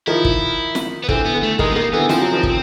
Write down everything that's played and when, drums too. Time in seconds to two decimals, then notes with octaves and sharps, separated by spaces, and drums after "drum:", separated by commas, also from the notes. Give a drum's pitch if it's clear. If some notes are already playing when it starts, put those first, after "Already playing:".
0.07 D#3 F3 E4
0.24 drum: kick
0.75 drum: snare
1.04 B3
1.09 D3 E3 C4, drum: kick
1.25 B3
1.34 D3
1.43 A3
1.59 D#3 G#3, drum: kick
1.71 B3
1.75 D#3 A#3
1.93 D3 E3 B3
2.09 F3 C4, drum: snare
2.21 F#3
2.33 D#3 F3
2.43 drum: kick